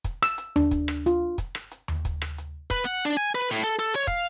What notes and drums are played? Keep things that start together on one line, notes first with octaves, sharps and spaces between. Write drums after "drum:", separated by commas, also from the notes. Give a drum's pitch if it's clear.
drum: kick, hi-hat
E6, drum: rim click
drum: hi-hat
D4, drum: tom D#2
drum: kick, hi-hat
drum: rim click
F4, drum: hi-hat
drum: kick, hi-hat
drum: rim click
drum: hi-hat
drum: tom D#2
drum: kick, hi-hat
drum: rim click
drum: hi-hat
B4, drum: kick, hi-hat
F#5
D4, drum: hi-hat
G#5
B4
A2
A4
A4
C#5
F5, drum: kick, hi-hat